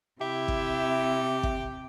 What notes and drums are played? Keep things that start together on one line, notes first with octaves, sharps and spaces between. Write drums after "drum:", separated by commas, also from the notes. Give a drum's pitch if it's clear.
C3 E4 G4 E5
drum: kick
drum: kick